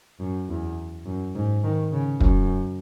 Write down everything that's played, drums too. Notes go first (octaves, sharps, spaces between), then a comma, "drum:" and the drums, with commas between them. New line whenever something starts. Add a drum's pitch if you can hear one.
F#2
E2
F#2
G#2
D#3
C#3
F#2, drum: kick